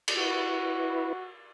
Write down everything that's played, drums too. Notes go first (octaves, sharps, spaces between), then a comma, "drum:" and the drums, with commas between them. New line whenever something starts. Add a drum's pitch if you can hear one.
drum: cymbal
E4 F#4 B4